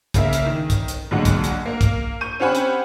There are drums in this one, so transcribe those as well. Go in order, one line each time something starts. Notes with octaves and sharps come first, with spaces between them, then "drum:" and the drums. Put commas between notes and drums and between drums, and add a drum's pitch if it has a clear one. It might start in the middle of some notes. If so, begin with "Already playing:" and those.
C#3 A#3 E5, drum: kick, hi-hat
drum: hi-hat
D#3
drum: kick, hi-hat
drum: hi-hat
A#1 D3 F#3 G#3 F#5
drum: kick, hi-hat
drum: hi-hat
A#3
drum: kick, hi-hat
C#6 G6 D#7
C4 C#4 G4 F#5 G#5 B5
drum: hi-hat